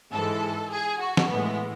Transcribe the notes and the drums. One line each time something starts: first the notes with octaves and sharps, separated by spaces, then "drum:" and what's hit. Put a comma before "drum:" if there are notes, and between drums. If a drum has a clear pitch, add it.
G#2 E3 G#3 A4
G#4
F#4
drum: snare
A2 E3 G#3 B3